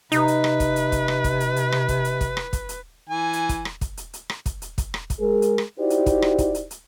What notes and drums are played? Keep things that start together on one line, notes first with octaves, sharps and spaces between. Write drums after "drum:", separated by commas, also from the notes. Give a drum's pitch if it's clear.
C3 D#4 B4, drum: hi-hat
drum: hi-hat
drum: rim click
drum: kick, hi-hat
drum: hi-hat
drum: kick, hi-hat
drum: rim click
drum: kick, hi-hat
drum: hi-hat
drum: hi-hat
drum: rim click
drum: kick, hi-hat
drum: hi-hat
drum: kick, hi-hat
drum: rim click
drum: kick, hi-hat
drum: hi-hat
E3 G#5
drum: hi-hat
drum: kick, hi-hat
drum: rim click
drum: kick, hi-hat
drum: hi-hat
drum: hi-hat
drum: rim click
drum: kick, hi-hat
drum: hi-hat
drum: kick, hi-hat
drum: rim click
drum: kick, hi-hat
G#3 G#4 A#4
drum: hi-hat
drum: rim click
D#4 E4 F#4 G4 C5 D5
drum: hi-hat
drum: kick, hi-hat
drum: rim click
drum: kick, hi-hat
drum: hi-hat
drum: hi-hat